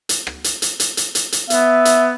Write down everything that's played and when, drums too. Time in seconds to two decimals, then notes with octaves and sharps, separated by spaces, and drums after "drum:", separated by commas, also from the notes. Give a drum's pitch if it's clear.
0.09 drum: hi-hat
0.27 drum: rim click
0.44 drum: hi-hat
0.62 drum: hi-hat
0.80 drum: hi-hat
0.97 drum: hi-hat
1.15 drum: hi-hat
1.32 drum: hi-hat
1.50 B3 E5, drum: hi-hat
1.85 drum: hi-hat